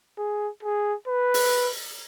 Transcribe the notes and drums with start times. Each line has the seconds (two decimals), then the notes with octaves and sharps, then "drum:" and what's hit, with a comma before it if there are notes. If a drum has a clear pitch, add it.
0.18 G#4
0.63 G#4
1.08 B4
1.34 drum: open hi-hat